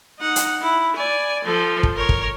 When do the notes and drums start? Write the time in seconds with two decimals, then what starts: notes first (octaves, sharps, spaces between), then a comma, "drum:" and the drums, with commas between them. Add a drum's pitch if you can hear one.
0.19 D#4 F#5
0.36 drum: hi-hat
0.61 E4
0.96 D5 G#5
1.44 F3 A4
1.83 drum: kick
1.97 A#4 C#5
2.09 drum: kick